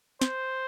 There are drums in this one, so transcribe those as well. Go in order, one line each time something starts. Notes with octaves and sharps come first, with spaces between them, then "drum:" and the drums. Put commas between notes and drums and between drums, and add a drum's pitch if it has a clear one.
C5, drum: snare